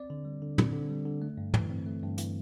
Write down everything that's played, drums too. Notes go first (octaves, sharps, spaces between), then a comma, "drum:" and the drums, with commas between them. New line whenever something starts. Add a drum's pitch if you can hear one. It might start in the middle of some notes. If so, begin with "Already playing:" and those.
Already playing: C4 D5
D3
G3
D3
C4, drum: tom
D3
G3
D3
A3
G2
E3, drum: tom
C4
A3
G2
E3, drum: hi-hat